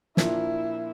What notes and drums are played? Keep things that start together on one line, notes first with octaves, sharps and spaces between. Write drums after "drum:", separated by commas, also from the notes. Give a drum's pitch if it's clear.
A#2 F3 A#3 D4 E4, drum: snare